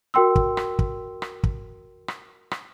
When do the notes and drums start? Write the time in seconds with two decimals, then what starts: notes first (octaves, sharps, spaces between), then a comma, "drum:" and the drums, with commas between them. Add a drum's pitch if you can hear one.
0.14 F#4 A#4 G5 C6 E6
0.36 drum: kick
0.57 drum: rim click
0.79 drum: kick
1.22 drum: rim click
1.43 drum: kick
2.08 drum: rim click
2.51 drum: rim click